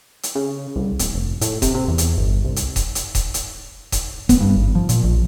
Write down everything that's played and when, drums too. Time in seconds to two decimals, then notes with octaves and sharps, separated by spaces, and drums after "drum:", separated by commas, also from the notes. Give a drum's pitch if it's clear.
0.23 drum: hi-hat
0.35 C#3
0.76 C2
0.99 D1, drum: hi-hat
1.14 F1
1.41 A2, drum: hi-hat
1.62 C3, drum: kick D#1, hi-hat
1.74 C3
1.88 E2
1.98 drum: hi-hat
2.18 G1
2.45 C2
2.56 drum: hi-hat
2.76 drum: kick D#1, hi-hat
2.95 drum: hi-hat
3.15 drum: kick D#1, hi-hat
3.34 drum: hi-hat
3.92 drum: kick D#1, hi-hat
4.29 B3, drum: kick D#1, hi-hat
4.41 G2
4.57 G#1
4.75 F3
4.89 A#2, drum: hi-hat
5.04 A#1